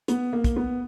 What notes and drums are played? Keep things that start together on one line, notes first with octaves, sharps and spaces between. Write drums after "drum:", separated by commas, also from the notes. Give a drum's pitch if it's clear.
B3, drum: hi-hat
A#3
drum: kick, hi-hat
B3